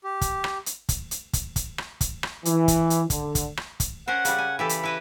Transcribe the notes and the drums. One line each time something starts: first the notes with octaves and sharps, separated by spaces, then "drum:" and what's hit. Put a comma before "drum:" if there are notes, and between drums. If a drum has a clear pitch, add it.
G4
drum: kick, hi-hat
drum: rim click
drum: hi-hat
drum: kick, hi-hat
drum: hi-hat
drum: kick, hi-hat
drum: kick, hi-hat
drum: rim click
drum: kick, hi-hat
drum: rim click
E3, drum: hi-hat
drum: kick, hi-hat
drum: hi-hat
D3, drum: kick, hi-hat
drum: kick, hi-hat
drum: rim click
drum: kick, hi-hat
C#4 A#4 C5 F#5
C#3 G3, drum: hi-hat
G#5
E3 G4 A4 B5
drum: hi-hat
E4 B4 D#5